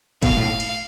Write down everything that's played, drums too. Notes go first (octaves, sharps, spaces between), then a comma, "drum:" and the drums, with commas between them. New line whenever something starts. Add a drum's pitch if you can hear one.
B2 F5, drum: kick, cymbal
A2
drum: cymbal